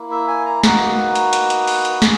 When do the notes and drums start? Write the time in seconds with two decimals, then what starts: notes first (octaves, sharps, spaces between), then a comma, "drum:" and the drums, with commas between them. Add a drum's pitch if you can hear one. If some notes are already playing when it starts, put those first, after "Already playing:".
Already playing: A#3 E4
0.11 E5
0.28 G#5
0.46 A#5
0.63 A#3 D#4 F#4 B4, drum: snare
1.15 drum: hi-hat
1.33 drum: hi-hat
1.50 drum: hi-hat
1.68 drum: open hi-hat
1.85 drum: hi-hat
2.02 B3 G#4, drum: snare